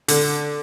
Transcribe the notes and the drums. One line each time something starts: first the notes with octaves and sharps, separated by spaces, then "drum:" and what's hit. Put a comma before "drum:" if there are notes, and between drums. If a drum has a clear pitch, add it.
D3, drum: open hi-hat